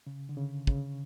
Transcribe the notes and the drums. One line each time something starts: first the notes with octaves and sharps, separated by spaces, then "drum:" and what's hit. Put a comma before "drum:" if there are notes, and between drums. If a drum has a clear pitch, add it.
C#3
D3
C#3
C#3, drum: kick